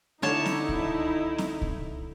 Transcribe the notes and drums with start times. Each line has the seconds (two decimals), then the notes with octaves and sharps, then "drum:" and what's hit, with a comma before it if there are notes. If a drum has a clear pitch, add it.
0.22 D3 D#4 E4 C#5 A5
0.46 drum: snare C4
0.69 drum: kick C2
1.38 drum: snare C4
1.62 drum: kick C2